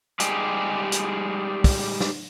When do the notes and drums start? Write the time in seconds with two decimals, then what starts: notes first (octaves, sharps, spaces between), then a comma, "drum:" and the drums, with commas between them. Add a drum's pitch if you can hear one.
0.20 G3 G#3 D#4 G4 G#4, drum: hi-hat
0.92 drum: hi-hat
1.64 drum: kick, open hi-hat
2.00 drum: snare